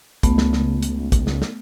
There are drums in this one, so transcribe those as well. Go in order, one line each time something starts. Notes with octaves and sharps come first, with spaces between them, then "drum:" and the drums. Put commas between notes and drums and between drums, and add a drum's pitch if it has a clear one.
C#2 A3 B3, drum: kick, hi-hat
drum: snare
drum: snare
drum: hi-hat
drum: kick, hi-hat
drum: snare
drum: snare